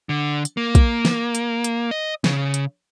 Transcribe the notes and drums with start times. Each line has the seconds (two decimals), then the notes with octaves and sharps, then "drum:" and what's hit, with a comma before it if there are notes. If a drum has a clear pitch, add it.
0.09 D3
0.45 drum: hi-hat
0.57 A#3
0.75 drum: kick, hi-hat
1.05 drum: snare
1.35 drum: hi-hat
1.64 drum: hi-hat
1.91 D#5
2.24 C#3, drum: snare
2.54 drum: hi-hat